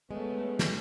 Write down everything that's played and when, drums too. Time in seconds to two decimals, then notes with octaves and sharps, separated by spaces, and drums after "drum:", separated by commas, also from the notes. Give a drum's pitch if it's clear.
0.11 G#3 A3 B3 C#4 A4
0.59 drum: snare